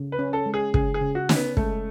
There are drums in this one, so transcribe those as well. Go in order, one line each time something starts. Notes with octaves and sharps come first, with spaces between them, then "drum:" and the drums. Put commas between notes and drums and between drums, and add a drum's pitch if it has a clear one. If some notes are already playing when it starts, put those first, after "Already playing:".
Already playing: C#3
B4
C#4
A4
G#3
G#4
C#3 G#4, drum: kick
G#4
C#3
F#4
C#4, drum: snare
B3
G#3 A3, drum: kick